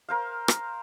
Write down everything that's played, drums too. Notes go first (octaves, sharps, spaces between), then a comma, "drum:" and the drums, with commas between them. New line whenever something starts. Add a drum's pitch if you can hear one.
A#4 C5 F5
drum: rim click